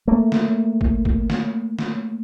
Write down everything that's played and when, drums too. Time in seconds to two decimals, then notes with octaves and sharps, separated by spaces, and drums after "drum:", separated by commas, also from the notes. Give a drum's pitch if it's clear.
0.08 A3 A#3
0.32 drum: snare
0.81 drum: kick G#1
1.05 drum: kick G#1
1.30 drum: snare
1.79 drum: snare